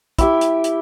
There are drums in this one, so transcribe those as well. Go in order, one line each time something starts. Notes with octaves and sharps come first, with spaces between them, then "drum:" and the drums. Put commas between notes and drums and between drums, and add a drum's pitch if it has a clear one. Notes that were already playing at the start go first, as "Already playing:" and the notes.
E4 G4 E5, drum: kick, hi-hat
drum: hi-hat
drum: hi-hat